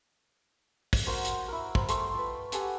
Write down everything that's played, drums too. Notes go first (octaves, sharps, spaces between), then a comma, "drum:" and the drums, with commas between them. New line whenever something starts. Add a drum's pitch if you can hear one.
drum: kick, open hi-hat
F#4 A#4 C5 F5
drum: hi-hat
E4 A#4
C5 A#5, drum: kick
A3 G5 C6 C#6, drum: hi-hat
F4 B4
G4 A4 F#5 G#5, drum: hi-hat